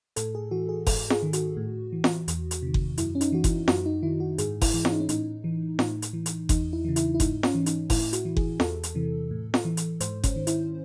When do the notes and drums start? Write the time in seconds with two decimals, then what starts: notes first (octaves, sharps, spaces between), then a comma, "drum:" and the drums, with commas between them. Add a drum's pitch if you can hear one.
0.16 A2 A4, drum: hi-hat
0.35 G#4
0.51 E3 F#4
0.69 G#4
0.87 G#2 A4, drum: kick F#1, open hi-hat
1.10 G#4, drum: snare
1.23 D#3
1.33 F#4, drum: hi-hat
1.57 A2
1.92 E3
2.04 drum: snare
2.28 E2, drum: hi-hat
2.51 drum: hi-hat
2.62 C3 D#3
2.74 drum: kick F#1
2.98 F#2 E4, drum: hi-hat
3.15 C#4
3.21 D#4, drum: hi-hat
3.32 E3 F#4
3.44 E4, drum: kick F#1, hi-hat
3.68 F#2 F#4, drum: snare
3.86 D#4
4.03 D#3 E4
4.20 F#4
4.38 G#2 G#4, drum: hi-hat
4.62 E4, drum: kick F#1, open hi-hat
4.74 E3
4.85 C#4, drum: snare
4.92 D#4
5.00 C#4
5.09 A2 D#4, drum: hi-hat
5.44 E3
5.79 A2, drum: snare
6.02 drum: hi-hat
6.13 E3
6.26 drum: hi-hat
6.49 E2 D#4, drum: kick F#1, hi-hat
6.73 E4
6.85 C#3 E3
6.96 E4, drum: hi-hat
7.14 E4
7.20 G#2 D#4, drum: kick F#1, hi-hat
7.43 C#4, drum: snare
7.54 E3
7.66 D#4, drum: hi-hat
7.90 A2 E4, drum: kick F#1, open hi-hat
8.13 F#4, drum: hi-hat
8.25 E3
8.37 G#4, drum: kick F#1
8.60 E2 A4, drum: snare
8.83 drum: hi-hat
8.95 C3 E3
9.31 A2
9.54 drum: snare
9.65 E3
9.77 drum: hi-hat
10.00 G#2 C5, drum: hi-hat
10.24 C#4, drum: kick F#1, hi-hat
10.36 D#3
10.47 E4, drum: hi-hat